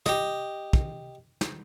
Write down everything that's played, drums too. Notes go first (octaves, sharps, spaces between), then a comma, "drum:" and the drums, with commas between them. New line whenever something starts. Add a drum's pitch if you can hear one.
G4 D#5, drum: snare
drum: kick
drum: snare